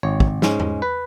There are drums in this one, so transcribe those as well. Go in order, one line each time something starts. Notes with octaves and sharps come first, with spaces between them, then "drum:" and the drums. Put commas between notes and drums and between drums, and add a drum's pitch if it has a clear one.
G#1 C#5
drum: kick
G#2 G#3 C#4, drum: snare
drum: tom E2
B4